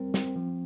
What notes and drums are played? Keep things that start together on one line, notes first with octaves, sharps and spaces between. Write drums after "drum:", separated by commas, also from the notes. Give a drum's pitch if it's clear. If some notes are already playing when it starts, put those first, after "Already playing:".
Already playing: G3 C4 A#4
C4, drum: snare
F3